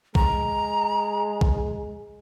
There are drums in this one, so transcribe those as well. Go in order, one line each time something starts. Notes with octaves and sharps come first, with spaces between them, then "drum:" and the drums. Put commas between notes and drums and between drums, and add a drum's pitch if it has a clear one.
G#3 A#5, drum: kick
drum: kick